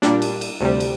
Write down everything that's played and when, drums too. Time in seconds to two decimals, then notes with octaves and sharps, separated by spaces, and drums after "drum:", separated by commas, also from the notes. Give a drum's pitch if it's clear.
0.02 A#2 G3 D4, drum: snare
0.22 drum: cymbal
0.41 drum: cymbal
0.61 D2 C3 G3
0.80 drum: cymbal